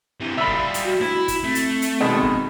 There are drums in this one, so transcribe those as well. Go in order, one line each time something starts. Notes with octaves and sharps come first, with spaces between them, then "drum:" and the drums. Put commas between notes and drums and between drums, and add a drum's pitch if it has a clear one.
C3 E3
G3 F4 E5 B5
drum: kick
drum: hi-hat
F#4
E4, drum: snare D4
drum: kick, hi-hat
A3 C4
drum: hi-hat
drum: hi-hat
B2 D#3 G#3
drum: kick